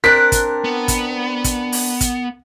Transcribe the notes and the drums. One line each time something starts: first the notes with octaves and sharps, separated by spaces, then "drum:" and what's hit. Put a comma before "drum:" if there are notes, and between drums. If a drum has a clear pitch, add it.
C4 D4 A#4 F#6 B6
drum: kick, hi-hat
B3
drum: kick, hi-hat
drum: kick, hi-hat
drum: open hi-hat
drum: kick, hi-hat